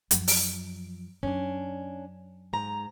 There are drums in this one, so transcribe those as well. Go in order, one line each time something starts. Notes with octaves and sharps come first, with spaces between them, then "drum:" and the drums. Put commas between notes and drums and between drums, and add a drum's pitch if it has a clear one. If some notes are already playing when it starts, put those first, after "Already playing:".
F#2 F3, drum: hi-hat
drum: open hi-hat
F#2 C#4 D4
G#2 A#5